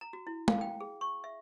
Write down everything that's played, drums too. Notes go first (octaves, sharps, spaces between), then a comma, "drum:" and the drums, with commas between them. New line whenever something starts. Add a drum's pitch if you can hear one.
A#5
F#4
E4
F5, drum: tom
G5
G#4
C#6
E5